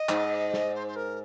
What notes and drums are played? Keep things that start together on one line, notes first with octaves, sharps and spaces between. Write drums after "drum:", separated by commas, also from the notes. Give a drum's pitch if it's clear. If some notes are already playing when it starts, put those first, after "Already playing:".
Already playing: D#5
G#2, drum: clap
drum: snare
C5
C5
A#4